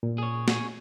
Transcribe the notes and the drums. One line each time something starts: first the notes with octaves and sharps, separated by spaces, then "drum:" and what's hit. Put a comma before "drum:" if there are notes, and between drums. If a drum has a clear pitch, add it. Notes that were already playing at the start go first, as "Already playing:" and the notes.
A#2
G#4 C#5
G#4 C#5, drum: snare